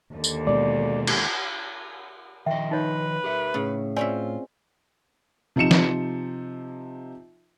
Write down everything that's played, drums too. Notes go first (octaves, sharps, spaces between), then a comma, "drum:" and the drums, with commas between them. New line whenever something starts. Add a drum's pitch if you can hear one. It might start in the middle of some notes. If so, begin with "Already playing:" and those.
D#2 D3
drum: tambourine
B2 G#3 D5
drum: cymbal
D#3 F3 D#5 E5 G5
D#4 B4 C#5
G4 A#4 E5
A2 C#3
C4 C#4 F4 C#5 D5 E5 G#5
C3 F3 D#4 C#7 E7
drum: snare